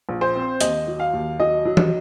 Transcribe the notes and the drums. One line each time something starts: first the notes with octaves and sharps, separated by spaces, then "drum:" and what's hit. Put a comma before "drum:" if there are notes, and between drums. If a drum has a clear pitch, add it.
A#1
C5
C4
D#2 D#5, drum: hi-hat
F#3
F5
D#2
F#3 D#5
F#3
drum: tom E3